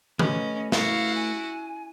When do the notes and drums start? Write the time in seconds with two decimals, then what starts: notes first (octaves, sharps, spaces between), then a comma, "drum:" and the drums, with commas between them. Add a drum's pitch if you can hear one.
0.19 A3 C#4 G4 B4 D#5, drum: tom D#3
0.72 E4 F#4 F5, drum: snare
1.15 G#5